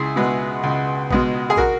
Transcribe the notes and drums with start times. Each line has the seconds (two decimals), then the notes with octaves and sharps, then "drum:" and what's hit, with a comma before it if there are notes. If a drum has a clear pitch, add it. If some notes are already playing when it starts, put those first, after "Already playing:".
Already playing: C#2 E4 G#4
0.16 B2 G#3 B3
0.63 C#2
1.11 B2 G#3 B3, drum: kick
1.50 G#4
1.57 F#4 A#4, drum: kick